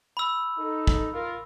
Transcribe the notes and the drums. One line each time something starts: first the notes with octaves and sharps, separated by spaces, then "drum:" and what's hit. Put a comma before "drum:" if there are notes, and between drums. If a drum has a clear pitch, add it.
B5 E6
D#4 A4
drum: kick
F4 A#4